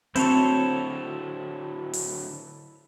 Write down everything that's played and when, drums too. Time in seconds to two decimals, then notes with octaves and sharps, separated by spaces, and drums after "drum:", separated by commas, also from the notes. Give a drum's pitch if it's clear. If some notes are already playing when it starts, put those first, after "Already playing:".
0.16 D3 F#3 C4 E4 A4 C5 C#5 A5, drum: hi-hat
1.94 drum: open hi-hat